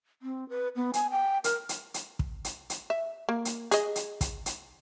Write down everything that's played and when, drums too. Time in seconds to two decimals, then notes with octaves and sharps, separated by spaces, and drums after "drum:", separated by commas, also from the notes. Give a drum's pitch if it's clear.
0.22 C4
0.49 B4
0.76 B3
0.94 G#5, drum: hi-hat
1.11 G5
1.44 A#4, drum: hi-hat
1.69 drum: hi-hat
1.94 drum: hi-hat
2.19 drum: kick
2.45 drum: hi-hat
2.70 drum: hi-hat
2.90 E5
3.29 A#3
3.45 drum: hi-hat
3.71 G#4 D#5, drum: hi-hat
3.96 drum: hi-hat
4.21 drum: kick, hi-hat
4.46 drum: hi-hat